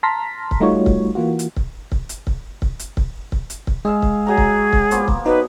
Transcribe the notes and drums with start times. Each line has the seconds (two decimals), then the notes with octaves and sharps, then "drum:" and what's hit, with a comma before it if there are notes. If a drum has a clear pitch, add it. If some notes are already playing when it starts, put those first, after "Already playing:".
0.03 A5 A#5 C6 F6 A#6 B6
0.51 drum: kick C#1
0.60 G3 A3 D#4 F4 F#4 C#5
0.86 drum: kick C#1
1.15 E3 A#3 F4 F#4
1.39 drum: hi-hat
1.56 drum: kick C#1
1.92 drum: kick C#1
2.09 drum: hi-hat
2.27 drum: kick C#1
2.62 drum: kick C#1
2.79 drum: hi-hat
2.97 drum: kick C#1
3.32 drum: kick C#1
3.50 drum: hi-hat
3.67 drum: kick C#1
3.85 G#3 G#4 E5 F5
4.02 drum: kick C#1
4.27 F#3 G#4 A#5
4.38 drum: kick C#1
4.73 drum: kick C#1
4.91 F3 A#3 B3, drum: hi-hat
5.08 drum: kick C#1
5.26 B2 F#3 D#4 B4